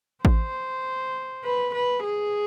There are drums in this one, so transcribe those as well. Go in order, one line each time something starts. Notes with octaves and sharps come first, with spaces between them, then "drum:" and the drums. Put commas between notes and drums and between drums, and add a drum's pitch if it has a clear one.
C5, drum: kick A1
B4
B4
G#4